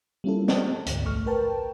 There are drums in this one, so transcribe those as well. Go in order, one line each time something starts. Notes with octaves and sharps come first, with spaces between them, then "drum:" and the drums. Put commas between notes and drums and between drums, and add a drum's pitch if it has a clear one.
G3 A#3 C#4 E4 F4 A4
D#5 A5, drum: snare
D2 G#2, drum: hi-hat
A#1 A3 C#6 F6
A#4 B4 G5 A5